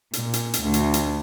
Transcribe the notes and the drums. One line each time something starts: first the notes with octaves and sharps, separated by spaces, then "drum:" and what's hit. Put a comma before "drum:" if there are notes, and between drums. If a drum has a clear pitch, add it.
A#2, drum: hi-hat
drum: hi-hat
drum: hi-hat
D2
drum: hi-hat
drum: hi-hat